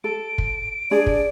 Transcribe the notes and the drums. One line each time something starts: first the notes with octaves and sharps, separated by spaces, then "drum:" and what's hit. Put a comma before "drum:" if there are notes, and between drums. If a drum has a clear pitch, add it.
A4 D7
drum: kick
D4 G#4 D5
drum: kick